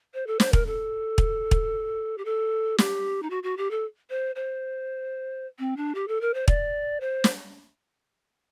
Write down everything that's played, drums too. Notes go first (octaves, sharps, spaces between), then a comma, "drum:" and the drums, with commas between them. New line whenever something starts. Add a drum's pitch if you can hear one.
C5
A4
C5, drum: snare
A#4, drum: kick
A4
drum: kick
drum: kick
G4
A4
G4, drum: snare
D#4
F#4
F#4
G4
A4
C5
C5
C4
D4
G4
A4
A#4
C5
D5, drum: kick
C5
drum: snare